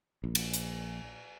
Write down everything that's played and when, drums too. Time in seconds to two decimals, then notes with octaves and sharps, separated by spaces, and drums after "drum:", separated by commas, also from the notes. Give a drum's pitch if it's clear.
0.24 A#1
0.35 drum: cymbal
0.54 drum: hi-hat